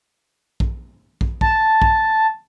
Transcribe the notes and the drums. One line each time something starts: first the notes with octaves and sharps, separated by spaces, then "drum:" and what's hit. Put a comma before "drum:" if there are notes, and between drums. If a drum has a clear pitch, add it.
drum: kick
drum: kick
A5, drum: kick
drum: kick